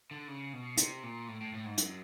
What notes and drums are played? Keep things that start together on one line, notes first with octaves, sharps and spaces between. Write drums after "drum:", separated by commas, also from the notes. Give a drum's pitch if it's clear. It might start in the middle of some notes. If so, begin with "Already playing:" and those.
D3
C#3
B2
C3, drum: hi-hat
A#2
A2
A2
A2
G#2
F#2, drum: hi-hat